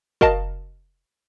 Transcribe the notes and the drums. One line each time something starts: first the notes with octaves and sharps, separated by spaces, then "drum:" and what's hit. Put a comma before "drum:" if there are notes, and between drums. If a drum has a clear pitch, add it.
F#4 A#4 D#5 F5 A5, drum: kick